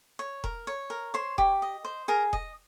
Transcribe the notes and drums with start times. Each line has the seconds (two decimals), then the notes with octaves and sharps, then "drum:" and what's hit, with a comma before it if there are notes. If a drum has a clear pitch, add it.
0.19 C#5
0.44 A#4, drum: kick E1
0.67 C#5
0.90 A#4
1.14 C5 C#5 C6
1.38 G4, drum: kick E1
1.62 D#5
1.85 C5
2.08 G#4 A#4 A#5
2.33 D#5, drum: kick E1